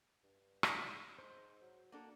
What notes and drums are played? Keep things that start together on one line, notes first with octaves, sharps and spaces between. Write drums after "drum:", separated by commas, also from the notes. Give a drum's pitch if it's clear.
G2
drum: rim click
G#2 C5
F#3
A#3 D4 F#4 A4